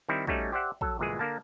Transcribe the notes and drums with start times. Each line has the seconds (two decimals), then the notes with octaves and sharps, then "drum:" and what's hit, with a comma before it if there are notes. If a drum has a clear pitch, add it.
0.08 D#3 G3 C4 E4
0.27 G3 A3 C#4 D#4 F#4, drum: kick
0.52 G4 C5 D5 E5 F#5
0.81 F#3 A4, drum: kick
0.99 G1 A#2 E3 G#3 G#4
1.19 D3 A#3 A#4 A5